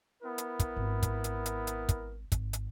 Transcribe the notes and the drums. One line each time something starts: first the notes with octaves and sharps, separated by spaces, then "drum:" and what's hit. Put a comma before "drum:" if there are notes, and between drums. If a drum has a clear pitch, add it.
B3 E4 A#4
drum: hi-hat
drum: kick, hi-hat
G#1
drum: kick, hi-hat
drum: hi-hat
drum: hi-hat
drum: hi-hat
drum: kick, hi-hat
G#1, drum: kick, hi-hat
drum: hi-hat